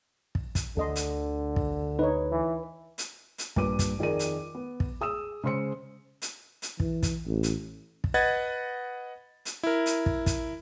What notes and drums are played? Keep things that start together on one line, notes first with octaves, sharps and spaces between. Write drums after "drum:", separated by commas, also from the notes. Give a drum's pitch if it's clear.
drum: kick
drum: kick, hi-hat
D2 D3 A4 D#5 C6
drum: hi-hat
drum: kick
D#4 B4 C#5
E3
drum: hi-hat
drum: hi-hat
G2 A#2 B4 D6 D#7, drum: kick
drum: kick, hi-hat
F2 D#3 G#4 A#4 D5 D#7
drum: hi-hat
B3
drum: kick
G#4 D#6 E6 E7
C#3 G#3 C5 C6 E6 C#7
drum: hi-hat
drum: hi-hat
E3, drum: kick
drum: kick, hi-hat
A1
drum: hi-hat
drum: kick
B4 D#5 F#5 G#6 A6
drum: hi-hat
E4 A#4
drum: hi-hat
drum: kick
drum: kick, hi-hat